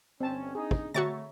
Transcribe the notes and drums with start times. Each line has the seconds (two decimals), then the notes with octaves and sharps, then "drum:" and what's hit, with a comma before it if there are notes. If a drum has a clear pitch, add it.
0.21 G1 C4 C#4 A5
0.55 D4 D#4 G#4
0.71 drum: kick
0.94 A3 F#4 C#5 E5 A#5 C#6 A6, drum: tom D3